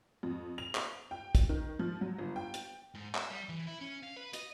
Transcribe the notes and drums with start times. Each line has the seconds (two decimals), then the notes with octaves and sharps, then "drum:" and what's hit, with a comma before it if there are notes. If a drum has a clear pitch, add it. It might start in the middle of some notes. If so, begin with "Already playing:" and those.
0.23 F2
0.58 F7
0.75 drum: clap
1.11 G5
1.35 drum: kick, hi-hat
1.49 D#3
1.79 F3
2.01 F#3
2.19 G1
2.36 G5
2.54 drum: hi-hat
2.95 G#2
3.15 E5, drum: clap
3.30 G3
3.49 E3
3.67 E4
3.80 C#4
4.03 F5
4.16 B4
4.33 D#5, drum: hi-hat